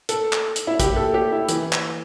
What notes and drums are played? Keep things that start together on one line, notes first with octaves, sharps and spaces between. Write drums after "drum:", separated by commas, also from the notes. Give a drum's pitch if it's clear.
A4, drum: hi-hat
drum: clap
drum: hi-hat
E4
G4, drum: kick, hi-hat
A4
G4
E4
E3, drum: hi-hat
drum: clap